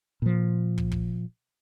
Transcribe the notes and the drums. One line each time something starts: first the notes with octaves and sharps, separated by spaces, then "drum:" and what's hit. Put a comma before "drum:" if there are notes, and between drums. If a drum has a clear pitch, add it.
A#2 F3
drum: kick
drum: kick